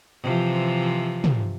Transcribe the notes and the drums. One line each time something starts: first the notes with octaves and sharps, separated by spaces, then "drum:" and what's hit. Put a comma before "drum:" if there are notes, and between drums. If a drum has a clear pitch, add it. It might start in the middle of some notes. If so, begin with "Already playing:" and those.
C3 E3 F3
drum: tom